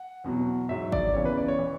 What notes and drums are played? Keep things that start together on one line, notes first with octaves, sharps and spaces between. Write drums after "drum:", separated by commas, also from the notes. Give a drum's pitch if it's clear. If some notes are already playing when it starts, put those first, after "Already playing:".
Already playing: F#5
E2 B2 F#3
G#2 F#3 E5
D5, drum: kick G#1
E2 C#3 E3 C#5
B4
D5
C#5
E3